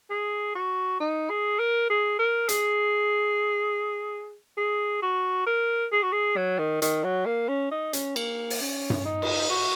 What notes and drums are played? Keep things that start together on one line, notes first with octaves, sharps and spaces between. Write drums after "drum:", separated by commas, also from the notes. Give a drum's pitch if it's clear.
G#4
F#4
D#4
G#4
A#4
G#4
A#4
G#4, drum: hi-hat
G#4
F#4
A#4
G#4
F#4
G#4
F#3
D#3
D#3, drum: hi-hat
F#3
A#3
C#4
D#4
C#4, drum: hi-hat
A#3, drum: cymbal
drum: open hi-hat
C#4
drum: tom G2
D#4
drum: cymbal
F#4